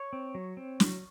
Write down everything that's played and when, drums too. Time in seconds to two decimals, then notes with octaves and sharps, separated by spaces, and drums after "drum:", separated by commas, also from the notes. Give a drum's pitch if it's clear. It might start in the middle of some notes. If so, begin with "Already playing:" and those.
Already playing: C#5
0.13 C4
0.35 F#3
0.57 C4
0.80 F#3, drum: snare